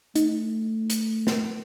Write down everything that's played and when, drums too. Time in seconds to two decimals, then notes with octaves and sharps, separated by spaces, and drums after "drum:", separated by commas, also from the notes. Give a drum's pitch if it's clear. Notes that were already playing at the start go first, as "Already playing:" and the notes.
0.15 A3 D#4, drum: hi-hat
0.90 drum: hi-hat
1.27 drum: snare